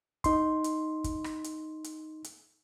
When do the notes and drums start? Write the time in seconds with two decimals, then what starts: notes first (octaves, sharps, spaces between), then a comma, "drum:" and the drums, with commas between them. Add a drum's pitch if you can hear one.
0.24 D#4 C6, drum: kick, hi-hat
0.64 drum: hi-hat
1.04 drum: kick, hi-hat
1.24 drum: rim click
1.44 drum: hi-hat
1.84 drum: hi-hat
2.24 drum: hi-hat